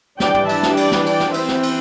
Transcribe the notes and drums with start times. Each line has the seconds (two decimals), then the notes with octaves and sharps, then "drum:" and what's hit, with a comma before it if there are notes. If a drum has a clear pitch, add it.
0.20 E3 G3 D4 D5 G5, drum: snare
0.34 drum: tom
0.49 E5 A5, drum: cymbal
0.63 drum: snare
0.77 D5 G5, drum: cymbal
0.92 drum: snare
1.06 D5 G5, drum: cymbal
1.20 drum: snare
1.34 E3 C4 C5 E5, drum: cymbal
1.49 drum: snare
1.63 drum: cymbal